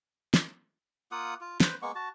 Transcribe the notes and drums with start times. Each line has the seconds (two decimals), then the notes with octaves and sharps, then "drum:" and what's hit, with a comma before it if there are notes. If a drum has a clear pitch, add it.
0.34 drum: snare
1.12 A#3 F4 F#5 D#6
1.41 F4
1.60 B4 C5, drum: snare
1.82 G#3 A#3 B3 C#6
1.95 F#4 A5